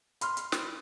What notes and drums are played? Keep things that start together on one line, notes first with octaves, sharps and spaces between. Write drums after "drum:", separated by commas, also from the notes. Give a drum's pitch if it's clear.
B5 C6 F6, drum: hi-hat
drum: hi-hat
drum: snare